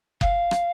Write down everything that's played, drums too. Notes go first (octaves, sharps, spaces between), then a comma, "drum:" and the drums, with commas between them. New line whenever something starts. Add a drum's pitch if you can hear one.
F5, drum: kick F#1
drum: rim click